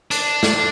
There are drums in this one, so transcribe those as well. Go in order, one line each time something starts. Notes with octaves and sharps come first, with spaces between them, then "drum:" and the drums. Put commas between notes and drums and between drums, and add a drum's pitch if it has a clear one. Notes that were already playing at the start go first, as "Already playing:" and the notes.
D4, drum: hi-hat
drum: snare